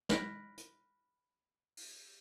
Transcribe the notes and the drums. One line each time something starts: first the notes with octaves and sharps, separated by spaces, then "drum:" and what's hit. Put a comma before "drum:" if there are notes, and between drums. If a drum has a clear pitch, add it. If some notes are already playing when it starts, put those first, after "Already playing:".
B5 F6 F#6 A#6 B6 D7, drum: snare
drum: hi-hat
drum: open hi-hat